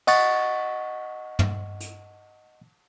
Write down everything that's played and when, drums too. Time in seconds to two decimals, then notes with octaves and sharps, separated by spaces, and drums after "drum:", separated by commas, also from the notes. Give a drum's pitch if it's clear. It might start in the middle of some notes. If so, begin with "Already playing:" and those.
0.07 D#5 F#5 C#6 A6, drum: cymbal
1.39 drum: tom
1.80 drum: hi-hat